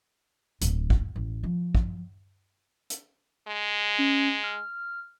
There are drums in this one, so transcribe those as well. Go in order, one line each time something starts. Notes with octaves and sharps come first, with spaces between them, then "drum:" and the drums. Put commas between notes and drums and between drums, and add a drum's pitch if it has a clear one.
D1, drum: hi-hat
drum: kick
A1
F3
drum: kick
drum: hi-hat
G#3
C#4
F6